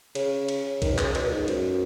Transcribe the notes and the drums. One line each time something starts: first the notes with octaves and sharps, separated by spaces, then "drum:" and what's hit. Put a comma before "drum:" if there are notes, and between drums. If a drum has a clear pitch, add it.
C#3, drum: cymbal
drum: cymbal
D#3, drum: kick B1, cymbal
B2
C#3, drum: clap
B2, drum: cymbal
A#2
G#2
F#2, drum: cymbal